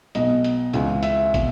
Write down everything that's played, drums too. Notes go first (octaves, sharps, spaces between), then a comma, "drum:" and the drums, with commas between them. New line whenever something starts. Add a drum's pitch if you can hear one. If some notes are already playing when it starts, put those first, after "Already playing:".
B1 B2 D#5, drum: hi-hat
drum: hi-hat
C#2 C#3 E3, drum: hi-hat
E5, drum: hi-hat
B2, drum: kick, hi-hat